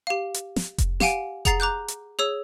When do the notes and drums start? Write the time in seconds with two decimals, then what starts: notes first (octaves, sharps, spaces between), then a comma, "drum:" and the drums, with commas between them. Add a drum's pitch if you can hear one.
0.07 G4 F5
0.34 drum: hi-hat
0.56 drum: snare
0.78 drum: kick F1, hi-hat
1.00 G4 F5 F#5 G#5 D7, drum: snare
1.45 G#4 F#5 A#5 A6 C7, drum: kick F1, hi-hat
1.60 A#5 D6 F#6 G6
1.88 drum: hi-hat
2.19 G#4 C#5 E6